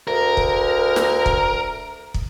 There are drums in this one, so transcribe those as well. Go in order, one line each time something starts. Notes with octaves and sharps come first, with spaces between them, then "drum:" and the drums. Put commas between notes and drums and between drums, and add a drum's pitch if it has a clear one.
D2 A#4
drum: kick
drum: snare
drum: kick
drum: kick